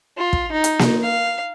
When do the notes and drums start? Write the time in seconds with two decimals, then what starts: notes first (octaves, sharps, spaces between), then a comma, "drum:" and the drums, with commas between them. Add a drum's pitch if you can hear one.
0.17 F4
0.33 drum: kick
0.52 D#4
0.64 drum: hi-hat
0.79 drum: snare A#3
1.02 F5